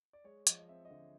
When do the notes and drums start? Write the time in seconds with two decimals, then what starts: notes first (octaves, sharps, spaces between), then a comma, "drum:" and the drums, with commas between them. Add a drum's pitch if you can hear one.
0.13 D5
0.24 G#3 C#5
0.47 F3 D#5, drum: hi-hat
0.59 D#5
0.68 C4 E5
0.85 D#5
0.91 D3 E5